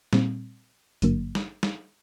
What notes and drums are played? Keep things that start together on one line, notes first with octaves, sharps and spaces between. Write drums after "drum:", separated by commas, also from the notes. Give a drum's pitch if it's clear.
A#2 G3 C4, drum: snare
G#1 G2 D3 F#3 A#3, drum: hi-hat
drum: snare
drum: snare